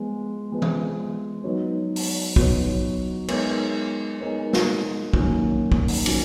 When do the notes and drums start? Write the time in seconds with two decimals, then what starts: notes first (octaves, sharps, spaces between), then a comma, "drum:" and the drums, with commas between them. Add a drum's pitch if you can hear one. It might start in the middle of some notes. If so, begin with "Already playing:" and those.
Already playing: F3 G#3 B3
0.52 F3 G#3 B3
0.62 drum: tom E3
1.44 F#3 B3 D#4 F#4 C#5
1.96 drum: open hi-hat
2.36 F#3 B3 D#4 F#4 C#5, drum: kick
3.28 G#3 B3 D#4 A#4 C#5, drum: cymbal
4.21 G#3 B3 D#4 A#4 C#5
4.53 drum: snare
5.13 D#3 F#3 A#3 C#4, drum: kick
5.72 drum: kick
5.88 drum: open hi-hat
6.06 D#3 F#3 A#3 C#4, drum: cymbal